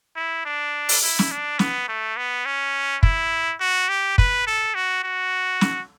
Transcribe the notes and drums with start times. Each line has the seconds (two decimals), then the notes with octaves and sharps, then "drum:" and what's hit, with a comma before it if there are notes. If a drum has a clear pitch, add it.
0.16 E4
0.45 D4
0.89 drum: open hi-hat
1.03 E4
1.19 drum: snare
1.31 D4
1.59 B3, drum: snare
1.88 A3
2.17 B3
2.46 C#4
3.03 E4, drum: kick
3.60 F#4
3.89 G4
4.18 B4, drum: kick
4.47 A4
4.75 F#4
5.04 F#4
5.61 drum: snare